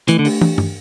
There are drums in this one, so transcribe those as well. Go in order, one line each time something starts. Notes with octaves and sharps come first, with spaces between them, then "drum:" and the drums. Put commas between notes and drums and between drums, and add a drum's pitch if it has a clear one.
E3 A3, drum: hi-hat
D3
D4 G4, drum: open hi-hat
drum: tom
drum: tom